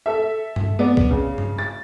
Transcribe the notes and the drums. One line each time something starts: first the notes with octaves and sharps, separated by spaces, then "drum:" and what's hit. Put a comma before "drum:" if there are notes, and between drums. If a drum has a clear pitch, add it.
A4 E5
drum: tom G2
B3 D5
drum: kick C2
C#3
drum: tom G2
A6